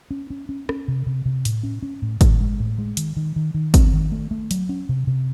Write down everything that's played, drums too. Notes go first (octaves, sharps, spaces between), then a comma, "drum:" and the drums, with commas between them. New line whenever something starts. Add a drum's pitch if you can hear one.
C#4
C#4
C#4
C#4, drum: rim click
C3
C3
C3
A2, drum: hi-hat
C#4
C#4
A2
A2, drum: kick, hi-hat
G#3
A2
G#3
D#3, drum: hi-hat
D#3
D#3
D#3
C4, drum: kick, hi-hat
D#3
A3
A3
F#3, drum: hi-hat
C#4
C3
C3